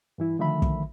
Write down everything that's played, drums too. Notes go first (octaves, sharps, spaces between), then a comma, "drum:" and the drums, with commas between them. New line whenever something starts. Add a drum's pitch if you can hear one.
G2 E3 E4
D3 D#3 F3 A3 E5 B5
drum: kick